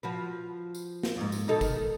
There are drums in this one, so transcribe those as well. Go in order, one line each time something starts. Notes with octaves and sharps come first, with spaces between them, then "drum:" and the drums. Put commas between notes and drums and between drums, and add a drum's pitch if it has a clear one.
F3 F#4 B4
drum: tambourine
drum: snare
F2 G#2
drum: tambourine
B2 D#4 A4
D#3, drum: kick, tambourine